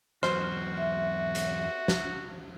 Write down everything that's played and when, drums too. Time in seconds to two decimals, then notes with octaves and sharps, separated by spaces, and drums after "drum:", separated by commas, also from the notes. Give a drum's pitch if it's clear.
0.23 E2 F#3 F#4 C5, drum: rim click
0.77 E5
1.35 drum: hi-hat
1.88 drum: snare